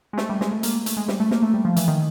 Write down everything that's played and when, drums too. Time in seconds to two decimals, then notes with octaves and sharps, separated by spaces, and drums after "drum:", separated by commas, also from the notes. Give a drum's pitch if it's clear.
0.13 G#3
0.18 A3, drum: snare
0.30 G3
0.41 G#3, drum: snare
0.52 A3
0.63 A#3, drum: hi-hat
0.86 A3, drum: hi-hat
0.97 G#3
1.08 G3, drum: snare
1.20 A3
1.31 A#3, drum: snare
1.43 A3
1.54 G3
1.65 F3
1.76 E3, drum: hi-hat
1.88 D#3